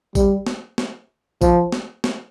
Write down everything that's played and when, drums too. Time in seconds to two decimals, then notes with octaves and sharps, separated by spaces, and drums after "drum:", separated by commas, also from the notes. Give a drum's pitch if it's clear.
0.15 G3, drum: kick A1, tambourine
0.47 drum: snare
0.78 drum: snare
1.42 F3, drum: kick A1, tambourine
1.72 drum: snare
2.04 drum: snare